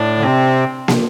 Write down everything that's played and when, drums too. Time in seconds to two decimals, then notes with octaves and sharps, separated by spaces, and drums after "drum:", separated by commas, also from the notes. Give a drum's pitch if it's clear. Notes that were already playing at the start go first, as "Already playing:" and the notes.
Already playing: A2 D4
0.18 D3
0.23 C3 C4
0.88 drum: snare